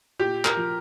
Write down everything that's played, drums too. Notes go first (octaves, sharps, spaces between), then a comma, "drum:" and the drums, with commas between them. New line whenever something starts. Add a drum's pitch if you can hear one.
A#2 G4
A#4, drum: clap
F3